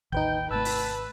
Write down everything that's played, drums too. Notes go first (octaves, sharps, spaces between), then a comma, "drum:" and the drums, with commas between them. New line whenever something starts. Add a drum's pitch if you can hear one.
A1 D#2 D#4 B4 G5 G6, drum: kick
G#1 C3 A3 B4 A5 E6
drum: open hi-hat